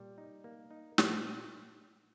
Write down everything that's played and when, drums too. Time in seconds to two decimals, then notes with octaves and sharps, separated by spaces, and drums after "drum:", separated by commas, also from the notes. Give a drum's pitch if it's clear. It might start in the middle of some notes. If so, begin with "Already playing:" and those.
Already playing: A#2 G3
0.18 D#4
0.44 A#3
0.71 D#4
0.98 A#2, drum: snare